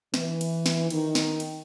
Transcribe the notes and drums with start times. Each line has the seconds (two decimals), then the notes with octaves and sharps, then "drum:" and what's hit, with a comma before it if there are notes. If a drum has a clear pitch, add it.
0.14 E3, drum: snare
0.41 drum: cymbal
0.66 drum: snare
0.90 D#3, drum: cymbal
1.15 drum: snare
1.40 drum: cymbal